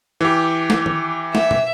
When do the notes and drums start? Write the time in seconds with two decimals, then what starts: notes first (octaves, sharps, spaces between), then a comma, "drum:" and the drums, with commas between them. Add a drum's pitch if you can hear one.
0.21 E3 G4
0.70 drum: snare
0.86 drum: tom D#3
1.35 E5, drum: snare
1.51 drum: tom